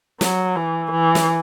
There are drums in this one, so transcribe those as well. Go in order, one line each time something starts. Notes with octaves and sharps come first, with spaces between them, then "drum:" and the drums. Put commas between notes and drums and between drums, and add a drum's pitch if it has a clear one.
F#3, drum: snare
E3
E3
drum: snare